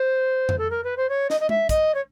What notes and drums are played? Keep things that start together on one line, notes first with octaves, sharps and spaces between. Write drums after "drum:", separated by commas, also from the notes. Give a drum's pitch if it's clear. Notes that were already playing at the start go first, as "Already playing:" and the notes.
Already playing: C5
drum: tom F2
A4
A#4
B4
C5
C#5
D#5, drum: snare
D#5
E5, drum: tom G#3
D#5, drum: kick, hi-hat
C#5